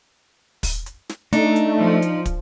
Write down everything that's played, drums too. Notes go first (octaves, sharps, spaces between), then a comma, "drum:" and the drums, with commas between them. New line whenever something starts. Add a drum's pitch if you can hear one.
drum: kick, open hi-hat
drum: hi-hat
drum: snare
A3 D4 D#4, drum: hi-hat
drum: hi-hat
F3
drum: hi-hat
drum: kick, hi-hat